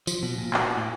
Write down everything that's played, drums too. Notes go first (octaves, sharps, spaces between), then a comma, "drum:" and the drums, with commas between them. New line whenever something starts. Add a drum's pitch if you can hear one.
F3, drum: tambourine
B2
A#2
F#4, drum: clap
A2